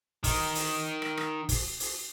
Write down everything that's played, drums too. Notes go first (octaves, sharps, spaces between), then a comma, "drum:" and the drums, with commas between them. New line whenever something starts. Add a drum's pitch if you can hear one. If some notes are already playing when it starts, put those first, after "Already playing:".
D#3 D#4, drum: kick, open hi-hat
drum: open hi-hat
drum: rim click
drum: rim click
drum: kick, open hi-hat
drum: open hi-hat